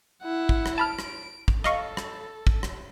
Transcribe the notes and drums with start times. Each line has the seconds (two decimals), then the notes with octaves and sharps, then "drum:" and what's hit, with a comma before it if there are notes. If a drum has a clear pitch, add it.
0.24 E4 F#5
0.49 drum: kick
0.66 drum: rim click
0.78 A5 B5 F6 D7
0.99 drum: rim click
1.48 drum: kick
1.64 A4 D#5 F5 C#6, drum: rim click
1.97 drum: rim click
2.47 drum: kick
2.63 drum: rim click